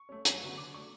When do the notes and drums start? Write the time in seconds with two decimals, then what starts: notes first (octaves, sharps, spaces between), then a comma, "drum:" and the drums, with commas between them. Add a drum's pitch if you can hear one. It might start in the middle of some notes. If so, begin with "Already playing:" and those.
Already playing: C#6
0.09 A3 C#4
0.25 F#2, drum: hi-hat
0.42 D3 F#3 B3
0.57 D3 D6
0.74 A3 D4 C#6